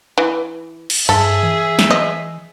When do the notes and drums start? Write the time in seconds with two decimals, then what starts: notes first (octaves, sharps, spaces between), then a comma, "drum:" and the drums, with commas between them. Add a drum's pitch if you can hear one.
0.18 E3
0.90 drum: cymbal
1.09 G2 G#4 A4 E5
1.43 E3
1.79 drum: snare
1.90 D#5